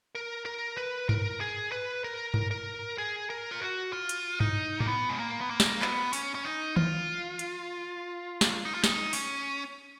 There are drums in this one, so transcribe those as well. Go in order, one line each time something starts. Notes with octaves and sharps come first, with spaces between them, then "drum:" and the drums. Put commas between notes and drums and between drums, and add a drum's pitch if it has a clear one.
A#4
A#4
B4
A#4, drum: tom G2
G#4
B4
A#4
drum: tom G2
A#4
G#4
A#4
F4
F#4
F4
drum: hi-hat
D#4, drum: tom G2
A#3, drum: tom G#2
B3
G#3
A#3
B3
A#3
drum: snare
B3, drum: clap
C#4, drum: open hi-hat
C#4
D#4
F4, drum: tom
drum: hi-hat
drum: snare
D#4
F4
D#4, drum: snare
C#4, drum: open hi-hat